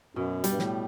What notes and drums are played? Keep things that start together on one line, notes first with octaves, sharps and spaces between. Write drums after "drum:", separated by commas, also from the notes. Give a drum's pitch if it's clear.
F#2 B2
G3, drum: hi-hat
G2
A2, drum: snare